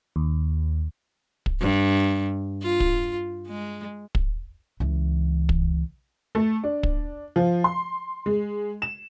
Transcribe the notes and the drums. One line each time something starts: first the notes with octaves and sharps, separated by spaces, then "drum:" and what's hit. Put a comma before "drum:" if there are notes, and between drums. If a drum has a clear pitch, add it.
D#2
drum: kick
G2
F4
drum: kick
G#3
drum: kick
C#2 E3
drum: kick
A3
D4
drum: kick
F3
C6
G#3
E7